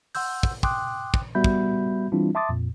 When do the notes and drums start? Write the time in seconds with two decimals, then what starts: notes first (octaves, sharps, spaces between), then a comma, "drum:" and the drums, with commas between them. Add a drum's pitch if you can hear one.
0.15 F#5 C6 E6 G6, drum: open hi-hat
0.43 drum: kick
0.63 G5 C6 D6 D#6 F#6, drum: kick
1.14 drum: kick
1.35 G3 B3 F#4 E5 B5 G6
1.44 drum: kick
2.12 E3 G3 C4 D4 E4 F4
2.35 E5 A5 C6 D6 D#6 A6
2.49 F2 A#2